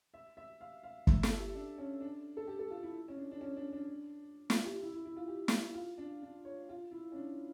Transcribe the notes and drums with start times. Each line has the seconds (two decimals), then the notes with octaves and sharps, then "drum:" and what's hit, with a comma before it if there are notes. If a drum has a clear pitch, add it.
0.14 E5
0.37 E5
0.61 F5
0.84 F5
1.07 E5, drum: kick
1.23 A4, drum: snare
1.39 G4
1.55 D4
1.78 C#4
2.01 D4
2.37 A4
2.47 G4
2.59 A4
2.70 F4
2.83 E4
3.08 C#4
3.17 D4
3.31 D4
3.41 C#4
3.57 D4
3.73 D4
4.50 F4, drum: snare
4.65 G4
4.82 E4
4.93 E4
5.05 E4
5.17 F4
5.28 G4
5.48 drum: snare
5.74 F4
5.98 D4
6.22 D4
6.45 C#5
6.69 F4
6.91 E4
7.12 C#4
7.15 D4